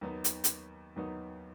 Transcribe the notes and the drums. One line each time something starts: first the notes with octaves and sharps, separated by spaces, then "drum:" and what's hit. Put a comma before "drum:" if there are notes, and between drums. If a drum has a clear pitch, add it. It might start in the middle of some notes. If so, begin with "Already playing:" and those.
D#2 D#3 F#3 B3 D#4
drum: hi-hat
drum: hi-hat
D#2 D#3 F#3 B3 D#4